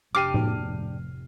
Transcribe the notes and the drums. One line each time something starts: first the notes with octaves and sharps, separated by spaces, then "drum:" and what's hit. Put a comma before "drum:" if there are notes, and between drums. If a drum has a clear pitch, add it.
F1 D4 G4 G5 D6 F6 C7 D#7
drum: tom A2